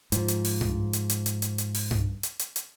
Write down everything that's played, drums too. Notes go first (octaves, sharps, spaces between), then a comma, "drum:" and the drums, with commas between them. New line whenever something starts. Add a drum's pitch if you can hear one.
G#2 F3, drum: hi-hat
drum: hi-hat
drum: open hi-hat
drum: tom G2
drum: hi-hat
drum: hi-hat
drum: hi-hat
drum: hi-hat
drum: hi-hat
drum: open hi-hat
drum: tom G2
drum: hi-hat
drum: hi-hat
drum: hi-hat